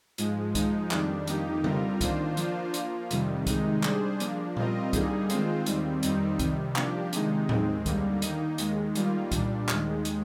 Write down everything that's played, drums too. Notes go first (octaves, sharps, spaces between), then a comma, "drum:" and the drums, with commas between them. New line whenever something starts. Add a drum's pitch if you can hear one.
G#2 F3 G#3, drum: hi-hat
F3 G#3 D#4, drum: kick C2, hi-hat
F2 D#3 G3 D4, drum: clap
F2 D#3 A#3 D#4 G4, drum: hi-hat
D3 G3 C4 F4 A#4, drum: tom C#3
D#3 A#3 D4 F4 C5, drum: kick C2, hi-hat
F3 A#3 D4 F4 C5, drum: hi-hat
F3 A#3 F4, drum: hi-hat
F2 C3 D#3 G3, drum: hi-hat
C3 D#3 G#3 D#4, drum: kick C2, hi-hat
G3 D4 G#4 C5, drum: clap
F3 A#3 D4, drum: hi-hat
G3 C4 F4 A#4 D#5, drum: tom A#2
D3 G3 A#3 D#4 G#4, drum: kick C2, hi-hat
D#3 G#3 C4 F4 C5, drum: hi-hat
D#2 D#3 G3 C4, drum: hi-hat
F2 D#3 G3 C4 D#4, drum: hi-hat
C3 D#3 G3, drum: kick C2, hi-hat
F3 A#3 D4 G4, drum: clap
C3 D#3 G#3 D#4, drum: hi-hat
D#2 D#3 G#3 C4, drum: tom A2
D#2 D3 G3 A#3, drum: kick C2, hi-hat
D#3 A#3 D#4, drum: hi-hat
D#2 D#3 G#3, drum: hi-hat
D#3 G3 A#3 F4, drum: hi-hat
A#2 G3 D4, drum: kick C2, hi-hat
D#2 D#3 G#3, drum: clap
drum: hi-hat